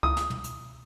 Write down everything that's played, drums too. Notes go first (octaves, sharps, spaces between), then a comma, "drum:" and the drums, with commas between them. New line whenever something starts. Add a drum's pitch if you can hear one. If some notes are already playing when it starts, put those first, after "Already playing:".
D#6, drum: kick C#2
drum: snare
drum: tom
drum: hi-hat